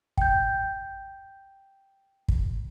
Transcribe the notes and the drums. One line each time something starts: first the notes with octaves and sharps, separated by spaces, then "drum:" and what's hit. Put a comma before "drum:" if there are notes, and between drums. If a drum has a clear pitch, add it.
G5 G6, drum: kick
drum: kick